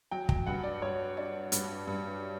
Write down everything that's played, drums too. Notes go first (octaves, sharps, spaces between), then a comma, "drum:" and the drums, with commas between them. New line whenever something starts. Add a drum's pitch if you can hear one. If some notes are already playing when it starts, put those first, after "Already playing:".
F#3 G5
G5, drum: kick
G2 F#5
D5
G2 C#5
D4
G2, drum: hi-hat
G2